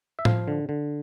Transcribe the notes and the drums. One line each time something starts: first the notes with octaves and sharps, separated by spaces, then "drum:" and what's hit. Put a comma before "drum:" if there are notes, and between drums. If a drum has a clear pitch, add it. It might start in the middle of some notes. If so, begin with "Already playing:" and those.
E5
F3 F5, drum: tom A2
D3
D3